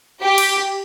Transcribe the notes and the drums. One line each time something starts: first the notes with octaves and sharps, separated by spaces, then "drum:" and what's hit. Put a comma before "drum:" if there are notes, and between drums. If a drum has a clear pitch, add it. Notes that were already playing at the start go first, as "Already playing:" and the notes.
G4
drum: cymbal